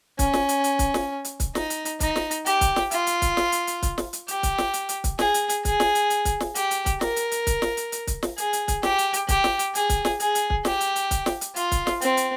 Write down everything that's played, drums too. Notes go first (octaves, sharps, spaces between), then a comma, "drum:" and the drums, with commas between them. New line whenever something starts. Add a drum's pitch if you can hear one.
C#4, drum: kick, hi-hat
drum: snare
drum: hi-hat
drum: hi-hat
drum: kick, hi-hat
drum: snare
drum: hi-hat
drum: kick, hi-hat
D#4, drum: snare
drum: hi-hat
drum: hi-hat
D#4, drum: kick, hi-hat
drum: snare
drum: hi-hat
G4, drum: hi-hat
drum: kick, hi-hat
drum: snare
F4, drum: hi-hat
drum: hi-hat
drum: kick, hi-hat
drum: snare
drum: hi-hat
drum: hi-hat
drum: kick, hi-hat
drum: snare
drum: hi-hat
G4, drum: hi-hat
drum: kick, hi-hat
drum: snare
drum: hi-hat
drum: hi-hat
drum: kick, hi-hat
G#4, drum: snare
drum: hi-hat
drum: hi-hat
G#4, drum: kick, hi-hat
drum: snare
drum: hi-hat
drum: hi-hat
drum: kick, hi-hat
drum: snare
G4, drum: hi-hat
drum: hi-hat
drum: kick, hi-hat
A#4, drum: snare
drum: hi-hat
drum: hi-hat
drum: kick, hi-hat
drum: snare
drum: hi-hat
drum: hi-hat
drum: kick, hi-hat
drum: snare
G#4, drum: hi-hat
drum: hi-hat
drum: kick, hi-hat
G4, drum: snare
drum: hi-hat
drum: hi-hat
G4, drum: kick, hi-hat
drum: snare
drum: hi-hat
G#4, drum: hi-hat
drum: kick, hi-hat
drum: snare
G#4, drum: hi-hat
drum: hi-hat
drum: kick
G4, drum: snare
drum: hi-hat
drum: hi-hat
drum: kick, hi-hat
drum: snare
drum: hi-hat
F4, drum: hi-hat
drum: kick, hi-hat
drum: snare
C4, drum: hi-hat
drum: hi-hat